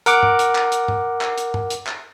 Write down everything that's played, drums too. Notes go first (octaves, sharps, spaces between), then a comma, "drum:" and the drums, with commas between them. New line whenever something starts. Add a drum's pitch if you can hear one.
A#4 F#5 D6, drum: hi-hat
drum: tom G2
drum: hi-hat
drum: clap
drum: hi-hat
drum: tom G2
drum: clap
drum: hi-hat
drum: tom G2
drum: hi-hat
drum: clap